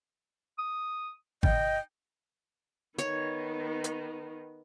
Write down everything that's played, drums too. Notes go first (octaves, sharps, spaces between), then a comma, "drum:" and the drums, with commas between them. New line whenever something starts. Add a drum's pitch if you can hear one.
D#6
D#5 G5, drum: kick G#1
D#3 B3 C#5, drum: hi-hat
drum: hi-hat